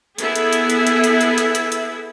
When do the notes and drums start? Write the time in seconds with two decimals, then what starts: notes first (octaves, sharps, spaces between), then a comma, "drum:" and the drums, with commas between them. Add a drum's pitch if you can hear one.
0.18 B3 E4 G#4 A4 E5, drum: hi-hat
0.36 drum: hi-hat
0.53 drum: hi-hat
0.70 drum: hi-hat
0.87 drum: hi-hat
1.04 drum: hi-hat
1.21 drum: hi-hat
1.38 drum: hi-hat
1.55 drum: hi-hat
1.72 drum: hi-hat